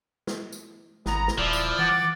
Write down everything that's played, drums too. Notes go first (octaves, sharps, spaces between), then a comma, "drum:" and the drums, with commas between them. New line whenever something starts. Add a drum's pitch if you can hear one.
drum: snare
drum: tambourine
G#1 B3 A#5, drum: snare
drum: snare
D#1 F3 E4 D5
drum: tambourine
E3 F#5 D6 A6